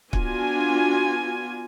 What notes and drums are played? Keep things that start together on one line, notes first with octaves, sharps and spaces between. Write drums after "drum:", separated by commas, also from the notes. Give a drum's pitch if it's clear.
B3 D4 F4 F#4 G#5, drum: kick